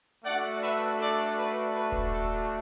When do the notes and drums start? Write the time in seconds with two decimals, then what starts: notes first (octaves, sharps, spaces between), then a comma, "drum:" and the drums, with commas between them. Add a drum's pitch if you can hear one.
0.24 A3 D4 F#4 D5 F#5
0.62 B4 E5
0.99 A4 D5
1.38 B4
1.74 B4
1.92 drum: kick D#1
2.12 A4